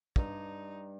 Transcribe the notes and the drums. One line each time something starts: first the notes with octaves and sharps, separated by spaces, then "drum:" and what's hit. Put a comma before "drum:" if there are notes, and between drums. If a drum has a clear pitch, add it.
G2 D#4, drum: kick